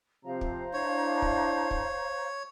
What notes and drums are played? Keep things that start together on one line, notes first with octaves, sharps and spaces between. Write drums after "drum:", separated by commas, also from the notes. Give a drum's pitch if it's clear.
C3 F3 C5 F5 A#5
drum: kick
D4 E4 C#5
drum: kick
drum: kick